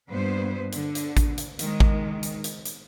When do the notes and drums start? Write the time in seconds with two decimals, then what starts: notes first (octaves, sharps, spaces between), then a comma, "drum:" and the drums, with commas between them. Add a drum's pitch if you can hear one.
0.11 G2 A#2 B3 B4 C5
0.73 D3, drum: hi-hat
0.95 drum: hi-hat
1.17 drum: kick A1, hi-hat
1.38 drum: hi-hat
1.59 D#3 G#3, drum: hi-hat
1.80 drum: kick A1
2.23 drum: hi-hat
2.44 drum: hi-hat
2.65 drum: hi-hat